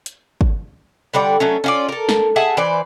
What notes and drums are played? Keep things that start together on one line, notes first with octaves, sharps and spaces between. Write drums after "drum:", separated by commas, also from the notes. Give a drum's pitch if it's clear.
drum: hi-hat
drum: kick
D3 G3 F#4 D5
F#3 A3 C#4
C#4 F4 D5
A4 A#4
drum: snare
G#4 E5 F#5 A5
E3 B4 C5 D5